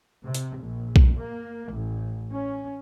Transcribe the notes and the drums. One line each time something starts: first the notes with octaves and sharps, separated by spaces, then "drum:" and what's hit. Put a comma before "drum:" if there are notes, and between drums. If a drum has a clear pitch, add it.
C3
drum: hi-hat
A#1
drum: kick B1
A#3
A1
C#4